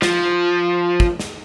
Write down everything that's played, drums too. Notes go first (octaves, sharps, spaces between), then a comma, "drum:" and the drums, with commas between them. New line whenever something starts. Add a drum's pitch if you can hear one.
F3, drum: snare
drum: kick
drum: snare